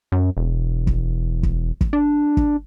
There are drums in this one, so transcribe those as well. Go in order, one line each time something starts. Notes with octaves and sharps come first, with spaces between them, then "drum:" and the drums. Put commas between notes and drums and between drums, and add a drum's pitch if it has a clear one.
F#2
E1
drum: kick
drum: kick
drum: kick
D4
drum: kick